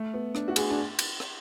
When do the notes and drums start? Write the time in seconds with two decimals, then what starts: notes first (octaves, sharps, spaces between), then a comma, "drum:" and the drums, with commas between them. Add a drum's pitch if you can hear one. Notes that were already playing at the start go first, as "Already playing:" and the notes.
Already playing: A3
0.14 B3
0.35 D4, drum: rim click
0.48 F#4
0.56 G#4, drum: cymbal
0.70 D4
0.99 drum: cymbal
1.20 drum: rim click